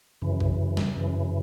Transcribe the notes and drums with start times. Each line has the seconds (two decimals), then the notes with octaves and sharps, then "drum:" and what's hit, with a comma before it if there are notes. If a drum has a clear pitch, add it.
0.22 F#2 C#3 E3
0.40 drum: kick A1
0.77 drum: snare
0.96 F#2 C#3 E3